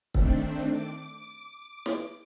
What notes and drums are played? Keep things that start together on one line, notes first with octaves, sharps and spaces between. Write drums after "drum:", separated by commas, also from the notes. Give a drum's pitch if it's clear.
D#3 A3 C4 D4, drum: kick
D6
drum: snare